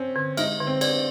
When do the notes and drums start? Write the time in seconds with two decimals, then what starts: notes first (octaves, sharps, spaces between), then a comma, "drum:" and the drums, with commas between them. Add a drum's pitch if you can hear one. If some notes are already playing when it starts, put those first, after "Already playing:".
Already playing: C4 C#4
0.16 D3
0.37 G#3 D#4, drum: cymbal
0.60 D3
0.67 C4
0.81 D4 B4, drum: cymbal